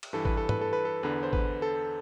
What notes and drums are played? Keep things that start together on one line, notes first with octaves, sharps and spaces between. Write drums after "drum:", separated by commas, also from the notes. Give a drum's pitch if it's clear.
drum: cymbal
G2 E3 A4
B4, drum: kick
A4
B4, drum: tom G#2
A4
B4
A4
E2 D3 B4
C5
B4, drum: kick
A4